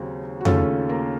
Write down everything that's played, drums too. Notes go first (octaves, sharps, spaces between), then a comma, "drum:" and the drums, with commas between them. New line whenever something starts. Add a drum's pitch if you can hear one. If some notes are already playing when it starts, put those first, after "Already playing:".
Already playing: D#2 C#3 F#3 C4 D#4
F#4
D#2 C#3 A3 C#4 F4 A4, drum: tom F2
A#3 A#4